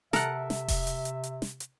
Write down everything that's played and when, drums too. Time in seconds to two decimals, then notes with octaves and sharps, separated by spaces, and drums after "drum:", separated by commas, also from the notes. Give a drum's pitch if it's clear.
0.13 C3 A4 A#4 E5 F#5, drum: snare
0.50 drum: snare
0.68 drum: kick E1, open hi-hat
0.87 drum: hi-hat
1.05 drum: hi-hat
1.24 drum: hi-hat
1.42 drum: snare
1.60 drum: hi-hat